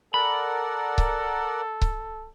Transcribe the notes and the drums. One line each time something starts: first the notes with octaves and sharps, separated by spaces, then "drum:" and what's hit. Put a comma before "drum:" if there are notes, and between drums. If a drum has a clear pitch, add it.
A4 A#4 D5 F#5 B5
drum: kick C#1
drum: kick C#1